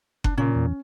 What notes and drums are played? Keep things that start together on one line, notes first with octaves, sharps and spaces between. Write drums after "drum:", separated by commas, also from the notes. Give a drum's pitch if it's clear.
D4, drum: kick F#1
A#2 C#3 C#4
E2